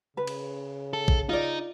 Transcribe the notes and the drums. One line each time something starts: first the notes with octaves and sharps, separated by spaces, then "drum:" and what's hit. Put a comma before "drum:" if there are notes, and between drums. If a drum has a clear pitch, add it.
C#3 B4
drum: cymbal
A4
drum: kick A#1
D#4 F4 D5